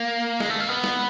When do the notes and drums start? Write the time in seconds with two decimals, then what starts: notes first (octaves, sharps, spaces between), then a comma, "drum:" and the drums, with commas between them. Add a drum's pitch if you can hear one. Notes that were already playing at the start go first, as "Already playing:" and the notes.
Already playing: A#3
0.40 G#3, drum: snare
0.49 A3
0.60 A#3
0.69 B3
0.84 drum: snare